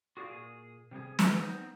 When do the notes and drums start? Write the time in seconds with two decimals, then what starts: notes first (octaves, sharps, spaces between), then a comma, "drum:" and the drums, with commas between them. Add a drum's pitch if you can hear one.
0.17 F#4 G#4 D5 F5
0.30 A#2 G#4
0.91 C3 G3 B3 G#4
1.19 D#3 E3 G3 A3, drum: snare
1.39 B3 C4 D#4